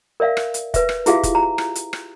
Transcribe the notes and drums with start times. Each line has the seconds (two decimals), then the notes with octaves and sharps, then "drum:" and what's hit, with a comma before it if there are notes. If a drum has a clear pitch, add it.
0.20 A#4 D5 E5 F5
0.37 drum: rim click
0.54 drum: hi-hat
0.74 B4 E5, drum: kick, hi-hat
0.89 drum: rim click
1.06 E4 F4 G4 G#4 E5 F5, drum: hi-hat
1.23 drum: kick, hi-hat
1.35 A#5
1.58 drum: rim click
1.75 drum: hi-hat
1.93 drum: rim click